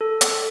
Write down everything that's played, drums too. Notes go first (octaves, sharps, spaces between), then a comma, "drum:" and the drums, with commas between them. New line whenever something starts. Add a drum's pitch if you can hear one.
A4
drum: hi-hat